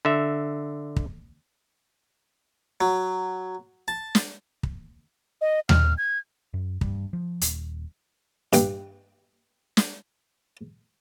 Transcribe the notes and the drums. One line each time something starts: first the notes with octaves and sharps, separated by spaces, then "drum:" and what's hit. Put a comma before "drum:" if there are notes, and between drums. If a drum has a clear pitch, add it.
D3 E5
drum: kick
F#3
A5
drum: snare
drum: kick
D#5
F6, drum: tom D#2
G#6
F#2
G2, drum: kick
F3
D#1, drum: hi-hat
G2 G5, drum: hi-hat
drum: snare